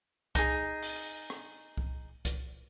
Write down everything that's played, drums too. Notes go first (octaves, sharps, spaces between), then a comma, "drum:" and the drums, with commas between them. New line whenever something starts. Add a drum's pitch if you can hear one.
D#4 G#4, drum: kick C2, hi-hat
drum: open hi-hat
drum: rim click
drum: kick C2
drum: kick C2, hi-hat